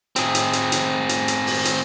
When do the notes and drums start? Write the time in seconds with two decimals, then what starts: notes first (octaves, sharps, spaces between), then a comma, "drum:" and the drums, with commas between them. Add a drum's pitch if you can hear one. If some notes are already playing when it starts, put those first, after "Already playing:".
0.16 C4 G#4, drum: hi-hat
0.35 drum: hi-hat
0.53 drum: hi-hat
0.72 drum: hi-hat
1.09 drum: hi-hat
1.28 drum: hi-hat
1.47 drum: open hi-hat
1.65 drum: hi-hat